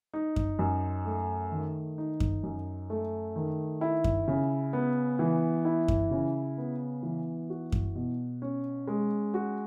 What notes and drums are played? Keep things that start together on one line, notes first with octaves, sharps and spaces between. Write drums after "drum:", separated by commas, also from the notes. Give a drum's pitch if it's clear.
D#4
drum: kick F#2
F#2
A3
D#3
D#4
drum: kick F#2
F#2
A3
D#3
E4
drum: kick F#2
C#3
B3
E3
E4
drum: kick F#2
C#3
B3
E3
F#4
drum: kick F#2
B2
C#4
G#3
F#4